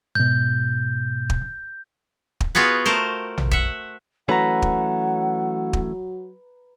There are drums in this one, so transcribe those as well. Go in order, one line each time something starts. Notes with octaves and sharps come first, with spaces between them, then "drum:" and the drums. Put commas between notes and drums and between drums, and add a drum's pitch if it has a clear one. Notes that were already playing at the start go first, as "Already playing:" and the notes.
G#2 B2 G6
drum: kick
drum: kick
B3 F4 F#4 G#4 B4
A3 A#4 C5
drum: tom A#1
E5 F#5, drum: kick
E3 F#3 A3 C#4 B4 F#5 A#5
drum: kick
drum: kick